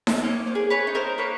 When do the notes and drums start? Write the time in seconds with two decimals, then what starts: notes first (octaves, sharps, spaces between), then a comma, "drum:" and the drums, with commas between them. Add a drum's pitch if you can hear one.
0.07 drum: snare D#4
0.23 A#3 C#5 D#5
0.47 C5 D5
0.55 G#4
0.70 B4 C#5
0.87 D#4
0.95 A#4 C5
1.18 A#3 B4 C#5